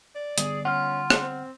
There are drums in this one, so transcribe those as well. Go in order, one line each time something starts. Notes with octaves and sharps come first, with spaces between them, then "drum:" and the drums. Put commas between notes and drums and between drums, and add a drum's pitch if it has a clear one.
D5
D3 G3 B3 G#4, drum: hi-hat
C#4 F4 F#5 F6
drum: rim click
C4